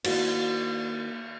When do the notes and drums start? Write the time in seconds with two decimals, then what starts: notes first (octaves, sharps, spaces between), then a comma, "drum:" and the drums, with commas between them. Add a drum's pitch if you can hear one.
0.04 D#3 A#3 E4 F#4 C5, drum: cymbal